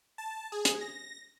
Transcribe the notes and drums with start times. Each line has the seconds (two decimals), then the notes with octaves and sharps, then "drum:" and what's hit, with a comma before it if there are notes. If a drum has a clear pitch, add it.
0.18 A5
0.52 G#4
0.65 drum: hi-hat
0.81 A#6